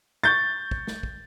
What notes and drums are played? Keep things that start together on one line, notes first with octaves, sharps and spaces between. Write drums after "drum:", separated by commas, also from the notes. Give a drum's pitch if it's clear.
C#6 G6 A6
drum: kick
drum: snare
drum: kick